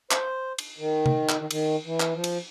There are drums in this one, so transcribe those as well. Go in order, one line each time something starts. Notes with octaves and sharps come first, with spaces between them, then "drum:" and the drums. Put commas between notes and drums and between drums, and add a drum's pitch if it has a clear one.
C5, drum: clap
drum: cymbal
D#3
drum: tom C3
drum: clap
D#3
D#3, drum: cymbal
E3
drum: clap
F3
drum: cymbal